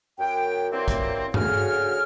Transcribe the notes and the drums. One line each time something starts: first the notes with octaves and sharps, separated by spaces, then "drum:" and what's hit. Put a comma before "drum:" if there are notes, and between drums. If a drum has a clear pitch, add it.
F#2 G5
E3 F#3 G3 A#3 C4
drum: kick, hi-hat
D2 C#3 F#4 G#4 C#5 F6, drum: tom G2